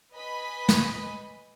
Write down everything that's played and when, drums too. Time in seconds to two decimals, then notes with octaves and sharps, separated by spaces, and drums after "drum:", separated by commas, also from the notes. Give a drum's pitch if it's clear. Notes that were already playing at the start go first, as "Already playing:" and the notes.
0.15 B4 D#5 G#5 B5
0.68 drum: snare